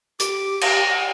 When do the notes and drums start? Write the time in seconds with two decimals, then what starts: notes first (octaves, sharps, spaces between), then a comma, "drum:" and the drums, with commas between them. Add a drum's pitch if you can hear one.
0.20 G4 D6, drum: hi-hat
0.61 A#5, drum: cymbal
0.88 F#5